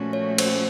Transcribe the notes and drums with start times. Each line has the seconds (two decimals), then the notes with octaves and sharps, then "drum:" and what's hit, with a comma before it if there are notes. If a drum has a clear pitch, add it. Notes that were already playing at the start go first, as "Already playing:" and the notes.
Already playing: A#2 F3 A3 C#4 F#4
0.13 C#5
0.38 C5, drum: cymbal